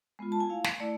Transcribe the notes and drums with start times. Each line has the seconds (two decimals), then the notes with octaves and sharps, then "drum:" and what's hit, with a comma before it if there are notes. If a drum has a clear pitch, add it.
0.19 G#3 B3 F4
0.32 A5
0.40 G#5
0.49 A3 E4 F5
0.64 drum: snare
0.80 A3 E4 D5